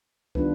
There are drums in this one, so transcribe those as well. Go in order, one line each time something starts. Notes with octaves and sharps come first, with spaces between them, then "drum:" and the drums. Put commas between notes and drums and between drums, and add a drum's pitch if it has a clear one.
D#3 G3 B3 D4 F4 B4, drum: kick